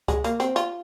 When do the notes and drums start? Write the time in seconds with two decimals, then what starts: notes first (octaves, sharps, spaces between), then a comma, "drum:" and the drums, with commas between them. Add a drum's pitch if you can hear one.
0.08 G#3, drum: kick C#2, hi-hat
0.24 A#3, drum: hi-hat
0.40 C4, drum: hi-hat
0.56 F4, drum: hi-hat